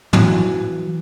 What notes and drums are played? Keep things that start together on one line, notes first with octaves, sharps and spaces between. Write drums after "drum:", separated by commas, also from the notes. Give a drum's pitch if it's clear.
E3 F#3, drum: tom